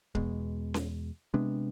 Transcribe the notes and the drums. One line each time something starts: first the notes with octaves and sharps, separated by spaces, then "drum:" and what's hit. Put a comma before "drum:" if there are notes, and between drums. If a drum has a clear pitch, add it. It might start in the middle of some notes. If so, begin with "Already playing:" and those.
E2 B2 G#3, drum: kick C#1
drum: snare C#4
C3 G#3 B3 D4